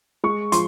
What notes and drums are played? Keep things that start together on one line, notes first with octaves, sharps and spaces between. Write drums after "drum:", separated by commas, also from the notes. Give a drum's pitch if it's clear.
G#3 C#6
F3 C6, drum: hi-hat